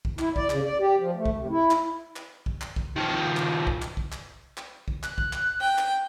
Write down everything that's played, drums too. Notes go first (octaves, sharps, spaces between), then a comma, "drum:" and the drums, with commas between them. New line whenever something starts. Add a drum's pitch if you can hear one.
drum: kick B1
E4, drum: clap
D5, drum: kick B1
C#3, drum: clap
D5
G4
F3
A3
drum: kick B1
C3
E4
drum: clap
drum: clap
drum: kick B1
drum: clap
drum: kick B1
D#3 F3
drum: clap
drum: kick B1
drum: clap
drum: kick B1
drum: clap
drum: clap
drum: kick B1
F#6, drum: clap
drum: kick B1
drum: clap
G5
drum: clap